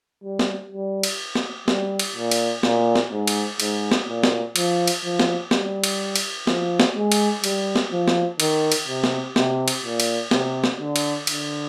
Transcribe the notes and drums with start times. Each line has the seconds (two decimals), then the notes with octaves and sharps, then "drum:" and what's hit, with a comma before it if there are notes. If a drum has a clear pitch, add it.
0.23 G3
0.39 drum: snare
0.72 G3
1.03 drum: cymbal
1.35 drum: snare
1.68 G3, drum: snare
1.99 drum: cymbal
2.15 A#2
2.31 drum: cymbal
2.63 A#2, drum: snare
2.95 drum: snare
3.12 G#2
3.27 drum: cymbal
3.60 G#2, drum: cymbal
3.92 drum: snare
4.08 A#2
4.24 drum: snare
4.56 F3, drum: cymbal
4.88 drum: cymbal
5.03 F3
5.20 drum: snare
5.51 G3, drum: snare
5.84 drum: cymbal
6.16 drum: cymbal
6.47 F3, drum: snare
6.80 drum: snare
6.95 G#3
7.12 drum: cymbal
7.44 G3, drum: cymbal
7.76 drum: snare
7.91 F3
8.08 drum: snare
8.40 D#3, drum: cymbal
8.72 drum: cymbal
8.88 C3
9.04 drum: snare
9.36 C3, drum: snare
9.68 drum: cymbal
9.84 A#2
10.00 drum: cymbal
10.31 C3, drum: snare
10.64 drum: snare
10.80 D3
10.96 drum: cymbal
11.27 D3, drum: cymbal